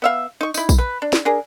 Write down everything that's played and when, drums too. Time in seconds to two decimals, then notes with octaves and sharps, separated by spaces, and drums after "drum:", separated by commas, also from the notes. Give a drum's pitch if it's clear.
0.02 B3 E5 F5
0.41 D#4 C#6
0.54 D#4 E4, drum: tambourine
0.69 drum: kick A#1, tambourine
0.78 B4
1.02 D4
1.13 drum: snare
1.25 D4 G#4 A#4